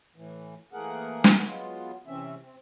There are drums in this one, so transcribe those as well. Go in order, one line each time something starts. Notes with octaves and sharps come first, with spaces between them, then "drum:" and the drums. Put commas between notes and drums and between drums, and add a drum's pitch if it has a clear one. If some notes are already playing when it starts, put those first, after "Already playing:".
A2 E3
E3 A3 A#3 G#4 A#4 F#5
drum: snare
F#3 G#3 B3 F4
C3 E3 C4 C#4 E5
C4